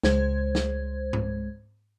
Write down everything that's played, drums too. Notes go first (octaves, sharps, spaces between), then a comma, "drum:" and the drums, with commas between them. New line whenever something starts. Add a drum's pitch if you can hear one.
C#2 G#3 C5 G#6, drum: snare
drum: snare
drum: tom G#2